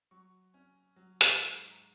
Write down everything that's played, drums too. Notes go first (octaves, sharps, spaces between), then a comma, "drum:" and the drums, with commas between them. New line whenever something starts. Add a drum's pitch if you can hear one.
F#3 C#6
C#4
F#3
drum: hi-hat
G#2
A#5